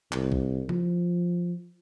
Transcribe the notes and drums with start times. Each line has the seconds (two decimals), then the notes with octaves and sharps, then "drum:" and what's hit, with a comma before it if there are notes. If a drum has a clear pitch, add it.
0.12 C2, drum: clap
0.32 drum: kick B1
0.69 F3, drum: tom C#3